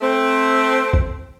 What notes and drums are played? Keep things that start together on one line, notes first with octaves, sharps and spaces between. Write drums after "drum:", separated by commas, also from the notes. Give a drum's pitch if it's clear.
A3 C4
drum: kick A#1